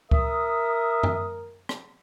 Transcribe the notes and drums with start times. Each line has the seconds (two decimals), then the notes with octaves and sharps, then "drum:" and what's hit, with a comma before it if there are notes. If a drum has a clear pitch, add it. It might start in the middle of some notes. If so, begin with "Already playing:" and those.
0.11 A#4 E5 D#6, drum: kick C#2
1.03 drum: tom F#2
1.69 drum: rim click